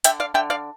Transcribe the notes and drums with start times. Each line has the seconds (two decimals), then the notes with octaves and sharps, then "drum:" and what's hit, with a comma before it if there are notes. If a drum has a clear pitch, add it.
0.04 D3 E5 G5, drum: hi-hat
0.20 D5 F5
0.34 D3 E5 G5
0.50 D5 F5